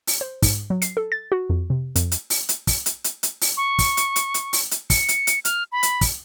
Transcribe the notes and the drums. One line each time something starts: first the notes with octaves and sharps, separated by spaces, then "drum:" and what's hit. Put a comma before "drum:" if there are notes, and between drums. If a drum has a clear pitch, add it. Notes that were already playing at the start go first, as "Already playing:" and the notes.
drum: open hi-hat
C5
G#2, drum: kick, open hi-hat
F#3
C7, drum: hi-hat
A4
A6
F#4
F2
C3
F2, drum: hi-hat
drum: hi-hat
drum: open hi-hat
drum: hi-hat
drum: kick, open hi-hat
drum: hi-hat
drum: hi-hat
drum: hi-hat
drum: open hi-hat
C#6
drum: kick, open hi-hat
drum: hi-hat
drum: hi-hat
drum: hi-hat
drum: open hi-hat
drum: hi-hat
C#7, drum: kick, open hi-hat
drum: hi-hat
drum: hi-hat
F6, drum: hi-hat
B5
drum: hi-hat
drum: kick, open hi-hat